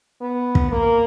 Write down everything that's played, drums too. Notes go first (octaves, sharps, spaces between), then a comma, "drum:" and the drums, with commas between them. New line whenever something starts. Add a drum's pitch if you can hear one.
B3
drum: kick
A#3